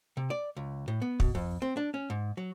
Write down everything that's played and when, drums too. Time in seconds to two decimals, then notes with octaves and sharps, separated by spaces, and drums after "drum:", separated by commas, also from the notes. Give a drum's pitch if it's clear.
0.17 C3
0.30 D5
0.57 C#2
0.88 A2
1.02 B3
1.20 B2, drum: kick
1.35 F2
1.62 C4
1.77 D4
1.94 C#4
2.10 G#2
2.37 F#3